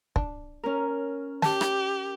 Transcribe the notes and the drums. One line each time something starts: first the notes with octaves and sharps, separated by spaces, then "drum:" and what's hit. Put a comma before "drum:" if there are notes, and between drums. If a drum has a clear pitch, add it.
D4, drum: kick
C#4 A#4
G4 A5, drum: snare
drum: rim click